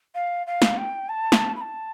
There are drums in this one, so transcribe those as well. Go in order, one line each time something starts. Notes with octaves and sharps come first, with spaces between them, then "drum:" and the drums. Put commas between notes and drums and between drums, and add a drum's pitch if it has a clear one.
F5
F5
drum: snare
G5
A5
drum: snare
B5
A5